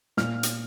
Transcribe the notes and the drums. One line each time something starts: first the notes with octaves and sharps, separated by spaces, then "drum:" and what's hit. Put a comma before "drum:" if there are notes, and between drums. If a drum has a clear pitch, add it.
A#2 F6, drum: snare
drum: hi-hat